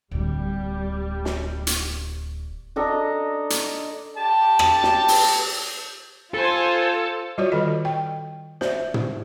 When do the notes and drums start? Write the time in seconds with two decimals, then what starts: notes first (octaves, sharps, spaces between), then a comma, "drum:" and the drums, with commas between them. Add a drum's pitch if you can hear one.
0.11 D1 D3 G3
1.25 drum: snare
1.67 drum: hi-hat
2.76 D4 A4 D#5 A#5
3.50 drum: hi-hat
4.16 G4 A5
4.59 drum: rim click
4.83 drum: snare
5.08 drum: open hi-hat
6.34 F4 A4 C5 G#5
7.38 G3 F4 F#4 C#5 D5
7.52 D#3 A4 D#5
7.85 G5
8.61 C5 D5 E5, drum: snare
8.94 drum: tom